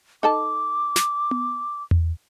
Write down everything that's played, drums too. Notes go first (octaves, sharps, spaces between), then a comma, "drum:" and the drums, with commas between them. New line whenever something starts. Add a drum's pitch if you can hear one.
D#4 A4 A5 D6
drum: snare
drum: tom B3
drum: tom E2